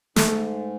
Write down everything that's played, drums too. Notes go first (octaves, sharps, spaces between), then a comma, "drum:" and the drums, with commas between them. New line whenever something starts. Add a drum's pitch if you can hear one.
G#2 A3, drum: snare